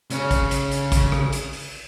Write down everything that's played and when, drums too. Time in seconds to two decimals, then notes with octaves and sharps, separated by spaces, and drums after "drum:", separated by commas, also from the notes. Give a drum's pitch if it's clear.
0.10 C#3 C#4, drum: hi-hat
0.31 drum: kick, hi-hat
0.51 drum: hi-hat
0.71 drum: hi-hat
0.92 drum: kick, hi-hat
1.12 drum: rim click
1.33 drum: hi-hat
1.53 drum: open hi-hat